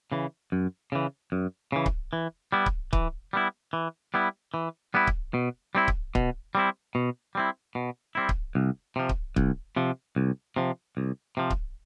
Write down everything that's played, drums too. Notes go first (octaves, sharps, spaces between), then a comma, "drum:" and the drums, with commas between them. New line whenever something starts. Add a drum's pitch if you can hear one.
C#3 E3
F#2
C#3 E3
F#2
C#3 E3
drum: kick C#1
E3
G3 B3 E4
drum: kick C#1
E3, drum: kick C#1
G3 B3 E4
E3
G3 B3 E4
E3
G3 B3 E4
drum: kick C#1
B2
G3 C4 E4
drum: kick C#1
B2, drum: kick C#1
G3 C4 E4
B2
G3 C4 E4
B2
G3 C4 E4
drum: kick C#1
C2
C3 F3
drum: kick C#1
C2, drum: kick C#1
C3 F3
C2
C3 F3
C2
C3 F3
drum: kick C#1